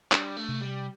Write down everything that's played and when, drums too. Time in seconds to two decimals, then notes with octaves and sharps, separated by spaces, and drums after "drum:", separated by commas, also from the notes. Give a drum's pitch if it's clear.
0.12 G3 D4, drum: clap
0.37 A3
0.49 C3
0.61 G3